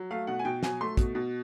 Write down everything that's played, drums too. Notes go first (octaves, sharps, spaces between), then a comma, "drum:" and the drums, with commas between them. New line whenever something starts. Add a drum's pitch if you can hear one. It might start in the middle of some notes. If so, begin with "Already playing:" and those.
Already playing: F#3
A3 F5
B2 F#5
G#5
B2 G5
F#3 G#5, drum: snare
A3 C6
B2, drum: kick, hi-hat
B2